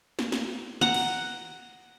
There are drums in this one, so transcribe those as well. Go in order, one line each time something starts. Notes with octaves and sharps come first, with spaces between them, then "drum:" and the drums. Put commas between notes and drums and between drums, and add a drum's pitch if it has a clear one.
drum: snare
drum: snare
F#5 A#5, drum: snare
drum: cymbal